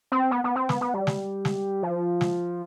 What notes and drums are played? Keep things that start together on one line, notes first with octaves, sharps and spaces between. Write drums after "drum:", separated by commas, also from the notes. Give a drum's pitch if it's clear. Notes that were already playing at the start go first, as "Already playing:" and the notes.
C4
B3
B3
C4
B3, drum: snare
B3
G3
drum: snare
drum: snare
F3
drum: snare